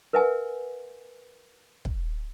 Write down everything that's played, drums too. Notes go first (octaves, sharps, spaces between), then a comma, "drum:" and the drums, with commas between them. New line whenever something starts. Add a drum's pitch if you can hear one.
A#4 B4 E5 F#5 G#5
drum: kick